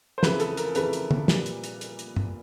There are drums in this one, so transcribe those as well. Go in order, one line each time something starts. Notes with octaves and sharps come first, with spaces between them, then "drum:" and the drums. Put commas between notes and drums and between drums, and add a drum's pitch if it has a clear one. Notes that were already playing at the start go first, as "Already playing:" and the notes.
C5
F2 C#3 E3 A3 B4, drum: snare
A4, drum: hi-hat
A#4, drum: hi-hat
F2 C#3 E3 A3 B4, drum: hi-hat
drum: hi-hat
drum: tom
A#2 G3, drum: snare
drum: hi-hat
drum: hi-hat
drum: hi-hat
drum: hi-hat
drum: tom